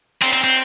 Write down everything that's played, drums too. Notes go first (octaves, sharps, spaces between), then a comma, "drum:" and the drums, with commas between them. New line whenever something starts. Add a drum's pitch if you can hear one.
C4, drum: cymbal
C4
C4